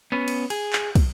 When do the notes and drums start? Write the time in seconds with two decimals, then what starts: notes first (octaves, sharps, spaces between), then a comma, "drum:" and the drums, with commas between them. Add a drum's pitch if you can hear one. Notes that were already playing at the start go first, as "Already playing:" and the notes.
0.12 B3 C#4
0.28 drum: cymbal
0.50 G#4, drum: cymbal
0.73 drum: clap
0.95 drum: kick, cymbal